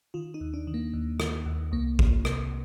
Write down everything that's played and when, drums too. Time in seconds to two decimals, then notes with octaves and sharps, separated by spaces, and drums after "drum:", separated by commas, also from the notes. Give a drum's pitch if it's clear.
0.14 D#3 F4
0.34 D#4
0.41 D#2
0.54 D4
0.67 D#3
0.74 A#3
0.94 D#2
1.20 D#3, drum: rim click
1.46 D#2
1.72 C2 A#3
1.99 C2, drum: kick G#1
2.25 C3, drum: rim click